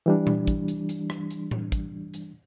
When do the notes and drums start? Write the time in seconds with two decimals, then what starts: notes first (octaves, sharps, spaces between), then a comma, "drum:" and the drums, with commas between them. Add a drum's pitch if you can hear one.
0.06 E3 G3 D4
0.27 drum: tom A#2
0.48 drum: kick, hi-hat
0.68 drum: hi-hat
0.89 drum: hi-hat
1.10 drum: rim click
1.31 drum: hi-hat
1.51 drum: tom A2
1.72 drum: kick, hi-hat
2.14 drum: hi-hat